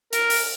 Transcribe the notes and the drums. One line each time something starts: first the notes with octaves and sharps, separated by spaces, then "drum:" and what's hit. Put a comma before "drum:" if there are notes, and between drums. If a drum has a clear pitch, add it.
A#4, drum: hi-hat
drum: open hi-hat